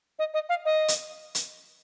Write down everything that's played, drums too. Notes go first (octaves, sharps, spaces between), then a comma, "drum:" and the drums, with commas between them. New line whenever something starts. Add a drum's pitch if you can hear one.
D#5
D#5
F5
D#5
drum: hi-hat
drum: hi-hat